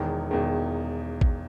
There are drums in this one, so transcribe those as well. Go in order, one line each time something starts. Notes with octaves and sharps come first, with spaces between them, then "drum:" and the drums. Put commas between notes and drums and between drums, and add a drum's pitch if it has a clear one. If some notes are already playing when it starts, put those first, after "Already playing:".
Already playing: E1 E2 D#3
E1 E2 D#3
drum: kick